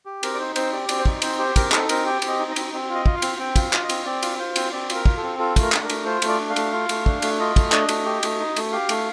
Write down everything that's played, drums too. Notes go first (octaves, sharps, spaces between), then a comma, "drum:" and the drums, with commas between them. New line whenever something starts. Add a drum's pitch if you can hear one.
G4
C4 A#4, drum: cymbal
D5
D#4 C5
C4 C5, drum: cymbal
G4 D5
C4 D5, drum: cymbal
C5
D#4 D5, drum: kick
C4 C5, drum: cymbal
G4 C5
C4 A#4, drum: kick, cymbal
D#4 A4, drum: clap
C4 A#4, drum: cymbal
G4 G5
C4, drum: cymbal
D#5
D#4
D#5
C4, drum: cymbal
C4
F4
D#5
F4, drum: kick
F5
C4, drum: cymbal
C4 G5
F4, drum: kick, cymbal
F5
F4, drum: clap
D#5
C4, drum: cymbal
C4 D5
F4, drum: cymbal
F4 C5
C4, drum: cymbal
C4 D5
F4, drum: cymbal
A#4
F4, drum: kick
A4
C4
F4 A4
A3, drum: kick, cymbal
A#4
D4, drum: clap
A#4
A3, drum: cymbal
F4 C5
A3, drum: cymbal
D5
D4
F5
A3, drum: cymbal
F4
A3, drum: cymbal
D4, drum: kick
A3, drum: cymbal
F4 D#5
A3, drum: kick, cymbal
D4, drum: clap
A3, drum: cymbal
G4
A3, drum: cymbal
D#4
A3, drum: cymbal
G4 F5
A3, drum: cymbal